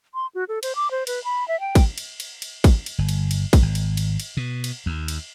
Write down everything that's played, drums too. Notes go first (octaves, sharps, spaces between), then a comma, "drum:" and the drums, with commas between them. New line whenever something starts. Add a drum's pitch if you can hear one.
C6
F#4
A4
C5, drum: cymbal
D6
C5
B4, drum: cymbal
B5
E5
G5
drum: kick, cymbal
drum: cymbal
drum: cymbal
drum: cymbal
drum: kick, cymbal
drum: cymbal
G1
drum: cymbal
drum: cymbal
drum: kick, cymbal
G#1
drum: cymbal
drum: cymbal
drum: cymbal
B2
drum: cymbal
D#2
drum: cymbal